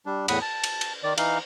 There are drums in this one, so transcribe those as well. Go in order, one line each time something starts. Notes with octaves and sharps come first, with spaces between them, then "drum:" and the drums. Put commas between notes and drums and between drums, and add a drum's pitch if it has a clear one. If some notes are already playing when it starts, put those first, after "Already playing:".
G3 D4
E2 A2 F#5 B5 D#6, drum: cymbal
A5
drum: cymbal
drum: cymbal
D#3 D5
E3 D#4 F5, drum: cymbal